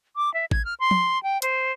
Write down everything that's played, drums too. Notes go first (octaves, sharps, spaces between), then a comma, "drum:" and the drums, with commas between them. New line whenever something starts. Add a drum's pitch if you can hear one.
D6
E5
G#6, drum: kick
F6
C6
drum: tom
G5
C5, drum: hi-hat